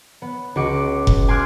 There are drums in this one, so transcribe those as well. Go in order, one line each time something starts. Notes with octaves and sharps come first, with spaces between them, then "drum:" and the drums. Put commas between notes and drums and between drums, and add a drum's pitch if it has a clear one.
B3
C#2 F#4 D6 C#7
drum: kick F1
G#5 C6 D6 F6 F#6